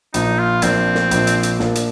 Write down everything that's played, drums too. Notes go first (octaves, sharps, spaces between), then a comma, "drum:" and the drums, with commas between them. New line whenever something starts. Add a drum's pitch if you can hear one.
A#1 A#2 F3 A#3 D4 D#4, drum: hi-hat
F4
A#1 A#2 F3 A#3 C4 D4, drum: hi-hat
drum: snare
A#1 A#2 F3 A#3 D4, drum: hi-hat
drum: hi-hat
drum: hi-hat
A#1 A#2 F3 A#3 D4, drum: snare
drum: hi-hat